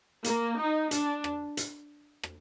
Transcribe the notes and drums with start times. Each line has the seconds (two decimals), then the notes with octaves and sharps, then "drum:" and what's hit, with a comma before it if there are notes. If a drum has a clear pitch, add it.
0.24 A#3, drum: hi-hat
0.58 D#4
0.91 D4, drum: hi-hat
1.24 drum: rim click
1.57 drum: hi-hat
2.23 drum: rim click